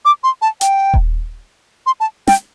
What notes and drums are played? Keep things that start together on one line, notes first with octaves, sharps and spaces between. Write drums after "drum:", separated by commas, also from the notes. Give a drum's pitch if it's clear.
D6
C6
A5
G5, drum: hi-hat
drum: kick D#1
C6
A5
G5, drum: snare